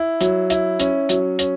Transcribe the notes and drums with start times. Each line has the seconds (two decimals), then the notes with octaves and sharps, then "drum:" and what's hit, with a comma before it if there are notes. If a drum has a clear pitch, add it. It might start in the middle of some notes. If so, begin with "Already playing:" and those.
Already playing: E4
0.21 F#3, drum: hi-hat
0.50 E4, drum: hi-hat
0.80 C#4, drum: hi-hat
1.09 F#3, drum: hi-hat
1.39 C#4, drum: hi-hat